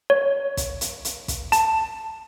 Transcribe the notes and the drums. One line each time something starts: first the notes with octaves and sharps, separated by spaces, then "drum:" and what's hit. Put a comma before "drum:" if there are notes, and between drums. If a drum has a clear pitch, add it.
C#5
drum: kick, hi-hat
drum: hi-hat
drum: hi-hat
drum: kick, hi-hat
A5, drum: hi-hat